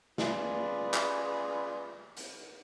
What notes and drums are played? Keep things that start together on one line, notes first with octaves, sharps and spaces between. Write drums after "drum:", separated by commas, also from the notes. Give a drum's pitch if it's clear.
C#4 F4 G#4 B4 D5, drum: snare
drum: clap
drum: hi-hat